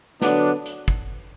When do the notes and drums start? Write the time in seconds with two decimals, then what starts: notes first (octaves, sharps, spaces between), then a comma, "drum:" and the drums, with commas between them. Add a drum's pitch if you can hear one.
0.22 D3 F#3 B3 D4, drum: snare
0.66 drum: hi-hat
0.88 drum: kick